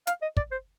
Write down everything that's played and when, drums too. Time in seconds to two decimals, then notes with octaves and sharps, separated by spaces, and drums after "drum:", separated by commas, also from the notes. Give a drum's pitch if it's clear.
0.07 F5, drum: hi-hat
0.22 D#5
0.37 D5, drum: kick
0.51 C5